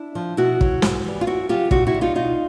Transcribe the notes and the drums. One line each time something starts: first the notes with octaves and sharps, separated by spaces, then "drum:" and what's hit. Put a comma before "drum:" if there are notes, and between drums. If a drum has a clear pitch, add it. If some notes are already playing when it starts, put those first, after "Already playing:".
Already playing: D4 E4
F3
B2 E4 F#4
F#3, drum: kick
G#2, drum: snare
E3 G3
F4
F#2 E4 F#4
C#3 F#3 F4 G4
A#2 E4 F#4, drum: kick
E4 F#4
G3
D#4 F4
B2 D#4 F4